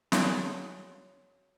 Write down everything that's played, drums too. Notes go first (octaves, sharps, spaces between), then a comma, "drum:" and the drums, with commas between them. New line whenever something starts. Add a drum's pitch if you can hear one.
A#3 D4 F#4 G#4 C#5 F#5, drum: snare